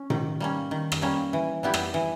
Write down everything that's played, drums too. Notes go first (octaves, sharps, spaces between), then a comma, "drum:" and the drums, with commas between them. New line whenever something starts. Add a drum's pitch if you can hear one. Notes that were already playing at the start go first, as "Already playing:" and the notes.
Already playing: C#4
D#3, drum: tom A2
G3 A#3 C#4
D#3
drum: rim click
G3 A#3 C#4
E3
G3 B3 E4 G4
drum: rim click
E3